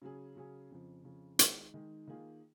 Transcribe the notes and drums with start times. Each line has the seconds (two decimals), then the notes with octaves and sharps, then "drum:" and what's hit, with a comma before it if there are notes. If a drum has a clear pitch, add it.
0.02 C#3 F#3 C#4 G#4
0.36 C#3 F#3 C#4 G#4
0.71 F2 C#3 F3
1.04 F2 C#3 F3
1.39 D#3 G#3 D#4 G#4, drum: hi-hat
1.74 D#3 G#3 D#4 G#4
2.08 D#3 A#3 F4 G#4